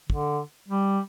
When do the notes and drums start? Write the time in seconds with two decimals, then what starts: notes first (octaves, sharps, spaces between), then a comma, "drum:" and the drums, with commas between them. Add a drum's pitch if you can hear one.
0.10 D3, drum: kick
0.68 G3